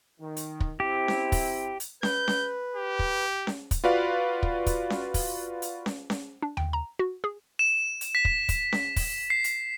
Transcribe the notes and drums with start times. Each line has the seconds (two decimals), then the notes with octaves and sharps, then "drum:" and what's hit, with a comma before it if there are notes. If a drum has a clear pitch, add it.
0.20 D#3
0.37 drum: hi-hat
0.60 drum: kick
0.80 C4 E4 G4
1.08 drum: snare C#4
1.32 drum: kick, open hi-hat
1.80 drum: hi-hat
2.03 B4 G6, drum: snare C#4
2.28 drum: snare C#4
2.75 G4
2.99 drum: kick
3.47 drum: snare C#4
3.71 drum: kick, hi-hat
3.84 F4 F#4 B4 D5 F5
4.43 drum: kick
4.66 drum: kick, hi-hat
4.90 drum: snare C#4
5.14 drum: kick, open hi-hat
5.62 drum: hi-hat
5.86 drum: snare C#4
6.10 drum: snare C#4
6.42 D4
6.57 G5, drum: tom D#2
6.73 A#5
6.99 F#4
7.24 G#4
7.59 E7
8.01 drum: hi-hat
8.15 B6
8.25 drum: kick
8.49 drum: kick, hi-hat
8.73 drum: snare C#4
8.96 drum: kick, open hi-hat
9.30 C7
9.44 drum: hi-hat